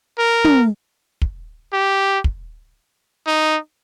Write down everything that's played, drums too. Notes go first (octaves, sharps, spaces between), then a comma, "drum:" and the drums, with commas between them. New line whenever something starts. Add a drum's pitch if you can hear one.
A#4
drum: tom
drum: kick
G4
drum: kick
D#4